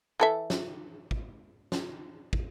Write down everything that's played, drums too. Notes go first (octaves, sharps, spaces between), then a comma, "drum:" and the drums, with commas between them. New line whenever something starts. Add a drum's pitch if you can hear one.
E3 A4 E5
drum: snare
drum: kick
drum: snare
drum: kick